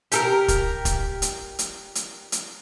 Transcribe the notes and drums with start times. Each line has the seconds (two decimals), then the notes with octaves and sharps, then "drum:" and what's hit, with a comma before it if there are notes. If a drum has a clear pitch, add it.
0.12 G4 A4 A#4, drum: hi-hat
0.48 drum: kick, hi-hat
0.85 drum: kick, hi-hat
1.22 drum: hi-hat
1.59 drum: hi-hat
1.95 drum: hi-hat
2.32 drum: hi-hat